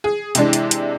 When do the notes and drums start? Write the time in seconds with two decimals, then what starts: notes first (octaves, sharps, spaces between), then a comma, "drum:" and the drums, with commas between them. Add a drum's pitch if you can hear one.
0.04 G#4
0.35 C3 E3 G#3 D4, drum: hi-hat
0.53 drum: hi-hat
0.71 drum: hi-hat